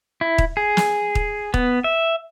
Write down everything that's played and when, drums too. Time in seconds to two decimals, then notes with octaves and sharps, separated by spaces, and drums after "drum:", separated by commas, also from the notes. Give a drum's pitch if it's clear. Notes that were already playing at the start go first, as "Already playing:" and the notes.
0.21 E4
0.38 drum: kick D#1
0.57 G#4
0.77 drum: snare
1.15 drum: kick D#1
1.54 B3, drum: kick D#1
1.84 E5